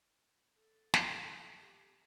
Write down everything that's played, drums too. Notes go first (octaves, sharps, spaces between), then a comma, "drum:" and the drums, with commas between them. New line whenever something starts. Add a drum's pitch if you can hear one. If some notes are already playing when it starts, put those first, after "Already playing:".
A4
drum: snare
G4